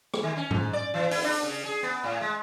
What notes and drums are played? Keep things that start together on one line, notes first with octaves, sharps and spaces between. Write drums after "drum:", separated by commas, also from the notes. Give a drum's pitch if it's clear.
drum: rim click
D#3
C#4
G#2, drum: tom G2
D5
E3
E4, drum: open hi-hat
D4
C#3
G#4
B3
A2
G#3